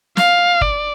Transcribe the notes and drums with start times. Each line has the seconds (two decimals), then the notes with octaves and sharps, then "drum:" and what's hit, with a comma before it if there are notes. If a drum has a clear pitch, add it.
0.17 F5, drum: snare
0.61 D5, drum: kick